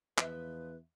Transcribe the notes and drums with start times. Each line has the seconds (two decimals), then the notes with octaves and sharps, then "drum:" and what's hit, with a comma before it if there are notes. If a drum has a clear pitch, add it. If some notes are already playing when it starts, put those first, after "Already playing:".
0.18 E2 F3 B4 D#5 E5, drum: clap